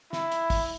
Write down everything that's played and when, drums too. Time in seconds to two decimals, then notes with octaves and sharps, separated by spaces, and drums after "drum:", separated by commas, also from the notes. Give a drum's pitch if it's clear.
0.13 E4, drum: snare
0.32 drum: hi-hat
0.50 drum: kick, open hi-hat